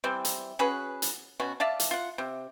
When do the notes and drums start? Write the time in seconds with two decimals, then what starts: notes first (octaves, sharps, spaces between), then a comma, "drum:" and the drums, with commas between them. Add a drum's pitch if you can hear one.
0.04 E3 G3 C4
0.25 drum: hi-hat
0.59 C#4 F#4 G#4 B4
1.02 drum: hi-hat
1.40 B2 C#4 F#4
1.60 D5 E5 F5 A5
1.80 drum: hi-hat
1.91 F4 F#5
2.18 C3